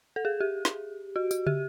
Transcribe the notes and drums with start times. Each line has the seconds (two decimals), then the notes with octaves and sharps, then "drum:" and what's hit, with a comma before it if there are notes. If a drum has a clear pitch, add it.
0.16 A4
0.25 G#4
0.40 G4
0.65 drum: snare
1.16 F#4
1.31 F#4, drum: tambourine
1.47 G4, drum: tom